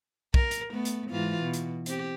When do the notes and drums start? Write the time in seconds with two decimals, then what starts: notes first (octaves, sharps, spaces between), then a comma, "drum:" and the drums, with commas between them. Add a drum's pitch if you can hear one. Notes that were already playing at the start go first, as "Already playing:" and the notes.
0.34 A#4, drum: kick
0.51 drum: hi-hat
0.72 A3 B3
0.85 drum: hi-hat
1.11 G#2 E3 F4
1.43 B2
1.53 drum: hi-hat
1.86 C4 G4, drum: hi-hat